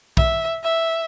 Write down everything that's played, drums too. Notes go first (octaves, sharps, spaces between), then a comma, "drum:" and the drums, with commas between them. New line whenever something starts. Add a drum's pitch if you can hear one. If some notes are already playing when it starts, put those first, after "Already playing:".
E5, drum: kick
E5